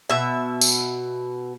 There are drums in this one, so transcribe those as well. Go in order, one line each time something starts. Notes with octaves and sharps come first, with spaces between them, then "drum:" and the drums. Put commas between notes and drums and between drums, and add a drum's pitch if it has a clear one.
B2 E5
drum: tambourine